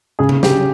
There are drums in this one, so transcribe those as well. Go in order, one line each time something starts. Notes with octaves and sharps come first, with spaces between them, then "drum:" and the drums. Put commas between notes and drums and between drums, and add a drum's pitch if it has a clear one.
C#3 G#4
drum: tom C3
G4, drum: snare